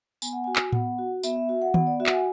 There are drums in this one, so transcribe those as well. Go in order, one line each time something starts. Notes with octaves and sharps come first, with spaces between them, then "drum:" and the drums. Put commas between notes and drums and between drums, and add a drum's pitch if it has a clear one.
B3 G#5, drum: tambourine
F#5
F#4 G#5
drum: clap
B3 F#5, drum: tom A2
F#4
B3 E5, drum: tambourine
E5
F#4 E5
F#5
B3 F#5, drum: tom D#3
D5
F#4 E5
F#5, drum: clap
G#5